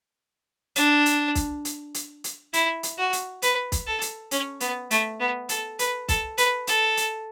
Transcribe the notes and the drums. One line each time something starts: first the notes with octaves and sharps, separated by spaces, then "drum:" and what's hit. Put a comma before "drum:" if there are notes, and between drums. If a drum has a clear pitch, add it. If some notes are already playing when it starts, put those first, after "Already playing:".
D4, drum: hi-hat
drum: hi-hat
drum: kick, hi-hat
drum: hi-hat
drum: hi-hat
drum: hi-hat
E4, drum: hi-hat
drum: hi-hat
F#4
drum: hi-hat
B4, drum: hi-hat
drum: kick, hi-hat
A4
drum: hi-hat
C#4, drum: hi-hat
B3, drum: hi-hat
A3, drum: hi-hat
B3
A4, drum: hi-hat
B4, drum: hi-hat
A4, drum: kick, hi-hat
B4, drum: hi-hat
A4, drum: hi-hat
drum: hi-hat